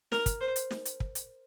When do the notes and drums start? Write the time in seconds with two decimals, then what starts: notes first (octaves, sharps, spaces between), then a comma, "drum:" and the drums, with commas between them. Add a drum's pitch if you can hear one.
0.12 A#4, drum: snare
0.26 drum: kick, hi-hat
0.41 C5
0.56 drum: hi-hat
0.71 drum: snare
0.85 drum: hi-hat
1.00 drum: kick
1.15 drum: hi-hat